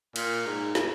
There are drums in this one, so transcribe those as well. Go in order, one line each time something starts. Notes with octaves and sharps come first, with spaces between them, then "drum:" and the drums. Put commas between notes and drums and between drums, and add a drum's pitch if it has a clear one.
A#2, drum: cymbal
G#2
drum: snare